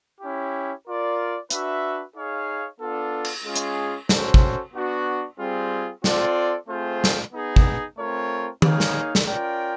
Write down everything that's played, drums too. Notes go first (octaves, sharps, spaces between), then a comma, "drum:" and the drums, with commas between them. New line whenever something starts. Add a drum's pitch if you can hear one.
C#4 E4 G4
F4 A#4 D5
D4 F#4 B4 E5, drum: hi-hat
D#4 G#4 C#5 F5
B3 D4 F4 A4
drum: cymbal
G#3 C#4 F4 G#4
drum: hi-hat
C#4 F#4 A4 C5, drum: snare
drum: kick
B3 D4 F#4
G3 C4 F4 G#4
C4 F4 A4 D5, drum: snare
A3 C4 F4 G#4 C5
drum: snare
B3 D#4 G#4
drum: kick
A3 C4 F4 A#4 C#5
A#3 D#4 G#4 C#5 F5, drum: tom D#3
drum: snare
drum: snare
C#4 F4 A#4 D5 G5